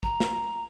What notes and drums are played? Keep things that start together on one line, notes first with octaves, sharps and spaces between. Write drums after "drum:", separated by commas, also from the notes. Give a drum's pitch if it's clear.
A#5, drum: kick
drum: snare